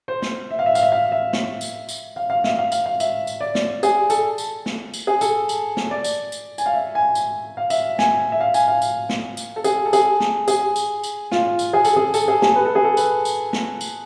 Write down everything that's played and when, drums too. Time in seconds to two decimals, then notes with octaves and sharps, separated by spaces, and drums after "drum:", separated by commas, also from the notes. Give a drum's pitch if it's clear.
0.08 C5
0.22 drum: snare
0.51 E5
0.59 F5
0.66 E5
0.75 F5, drum: tambourine
0.83 E5
0.92 F5
1.12 E5
1.33 drum: snare
1.61 drum: tambourine
1.89 drum: tambourine
2.16 F5
2.30 F5
2.44 E5, drum: snare
2.59 F5
2.72 F5, drum: tambourine
2.86 F5
3.00 E5, drum: tambourine
3.27 drum: tambourine
3.41 D5
3.55 drum: snare
3.83 G#4, drum: tambourine
4.10 A4, drum: tambourine
4.38 drum: tambourine
4.66 drum: snare
4.94 drum: tambourine
5.07 G#4
5.21 A4, drum: tambourine
5.49 drum: tambourine
5.77 drum: snare
5.91 D5
6.04 drum: tambourine
6.32 drum: tambourine
6.58 G#5, drum: tambourine
6.66 F5
6.73 E5
6.95 G#5
7.15 drum: tambourine
7.57 F5
7.70 E5, drum: tambourine
7.99 G#5, drum: snare
8.32 E5
8.40 F5
8.54 G#5, drum: tambourine
8.68 F5
8.82 drum: tambourine
9.09 drum: snare
9.37 drum: tambourine
9.56 A4
9.64 G#4, drum: tambourine
9.85 A4
9.93 G#4, drum: tambourine
10.20 drum: snare
10.48 G#4, drum: tambourine
10.76 drum: tambourine
11.03 drum: tambourine
11.32 F4, drum: snare
11.59 drum: tambourine
11.73 G#4
11.85 A4, drum: tambourine
11.96 G#4
12.14 A4, drum: tambourine
12.28 G#4
12.42 G#4, drum: snare
12.56 B4
12.65 A4
12.75 G#4
12.84 A4
12.97 B4, drum: tambourine
13.25 drum: tambourine
13.53 drum: snare
13.81 drum: tambourine